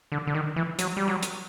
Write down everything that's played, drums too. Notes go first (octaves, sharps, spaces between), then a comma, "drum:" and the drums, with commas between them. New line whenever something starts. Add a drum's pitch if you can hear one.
D3
D3
D#3
E3
F#3, drum: hi-hat
G3
F#3
drum: hi-hat